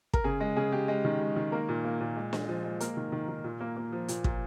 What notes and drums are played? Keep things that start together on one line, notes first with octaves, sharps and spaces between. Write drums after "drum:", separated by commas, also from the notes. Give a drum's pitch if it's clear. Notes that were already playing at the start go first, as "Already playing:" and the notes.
A#4, drum: kick
C#3 G#4
G#3
C#3 G#4
C#3 G4
G#3
D#3
G#3
D#3
A#3 A#4
A#2
A#3
A#2
G#3
G#3, drum: snare
F3
G#3
A#3 A#4, drum: hi-hat
D#3
D#3
D#3
A#2
A#3
A#3
F3
A#2, drum: hi-hat
A#2, drum: kick